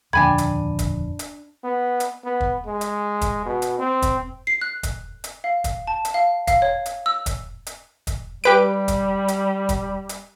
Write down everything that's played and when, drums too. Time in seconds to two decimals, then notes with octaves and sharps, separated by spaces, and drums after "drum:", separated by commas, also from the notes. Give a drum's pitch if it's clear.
0.13 D#1 F2 D3 D4 G5 G#5 B5 G#6
0.38 drum: hi-hat
0.79 drum: kick, hi-hat
1.19 drum: hi-hat
1.64 B3
2.00 drum: hi-hat
2.24 B3
2.41 drum: kick
2.66 G#3
2.81 drum: hi-hat
3.21 drum: kick, hi-hat
3.46 B2
3.62 drum: hi-hat
3.79 C4
4.02 drum: kick, hi-hat
4.47 C7
4.61 F#6
4.83 drum: kick, hi-hat
5.24 drum: hi-hat
5.44 F5
5.64 drum: kick, hi-hat
5.87 A5
6.05 drum: hi-hat
6.14 F5
6.47 F5, drum: kick, hi-hat
6.62 C#5
6.86 drum: hi-hat
7.06 E6
7.26 drum: kick, hi-hat
7.67 drum: hi-hat
8.07 drum: kick, hi-hat
8.44 G3 G4 B4 D7
8.88 drum: kick, hi-hat
9.28 drum: hi-hat
9.69 drum: kick, hi-hat
10.09 drum: hi-hat